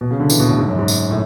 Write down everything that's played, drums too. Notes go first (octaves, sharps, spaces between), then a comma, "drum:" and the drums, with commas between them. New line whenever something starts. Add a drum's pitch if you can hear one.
B2
C#3
D3
E3, drum: tambourine
B2
A2
G#2
F#2
G#2
drum: tambourine
A2